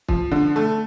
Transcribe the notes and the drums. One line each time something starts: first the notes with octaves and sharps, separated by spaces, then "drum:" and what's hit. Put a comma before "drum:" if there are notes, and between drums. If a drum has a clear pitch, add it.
F3, drum: kick
D3
A3